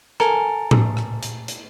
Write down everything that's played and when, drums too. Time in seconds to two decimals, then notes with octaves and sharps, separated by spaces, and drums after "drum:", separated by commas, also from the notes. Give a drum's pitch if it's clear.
0.20 A4 A#4 G#5, drum: rim click
0.71 drum: tom A2
0.97 drum: rim click
1.23 drum: hi-hat
1.48 drum: hi-hat